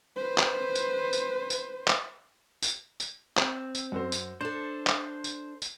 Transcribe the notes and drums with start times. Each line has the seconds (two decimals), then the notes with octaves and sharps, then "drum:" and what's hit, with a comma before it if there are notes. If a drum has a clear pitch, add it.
0.16 B4 C5
0.38 drum: clap
0.75 drum: tambourine
1.13 drum: tambourine
1.50 drum: tambourine
1.88 drum: clap
2.62 drum: tambourine
3.00 drum: tambourine
3.37 C4, drum: clap
3.75 drum: tambourine
3.92 F#2 F#4 C5
4.12 drum: tambourine
4.41 D4 A4 C5 E7
4.87 drum: clap
5.24 drum: tambourine
5.62 drum: tambourine